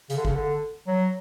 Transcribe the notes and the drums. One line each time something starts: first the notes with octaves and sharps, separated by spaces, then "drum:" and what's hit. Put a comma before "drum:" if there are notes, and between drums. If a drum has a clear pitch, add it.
C#3, drum: hi-hat
D3
C#3, drum: kick G1
D3
F#3